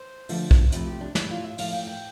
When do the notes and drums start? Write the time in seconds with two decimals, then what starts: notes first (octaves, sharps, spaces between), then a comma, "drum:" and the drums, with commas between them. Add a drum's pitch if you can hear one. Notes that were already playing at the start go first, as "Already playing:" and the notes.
Already playing: C5
0.29 D3 F3 A3, drum: open hi-hat
0.51 drum: kick
0.72 C3 F3 A3 B4, drum: hi-hat
0.87 G4
1.01 D4
1.15 A2 G3 E4, drum: snare
1.30 F4
1.44 E5
1.58 A2 F3 A3 F5, drum: open hi-hat
1.73 G5
1.87 G5